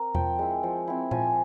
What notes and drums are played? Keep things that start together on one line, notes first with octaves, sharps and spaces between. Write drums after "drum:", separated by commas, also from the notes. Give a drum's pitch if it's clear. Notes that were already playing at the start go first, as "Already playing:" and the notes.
Already playing: C4 A#4 A#5
F3 G5, drum: tom E2
G#3 E4
F3
C4 E4
F3 G#5, drum: tom A#2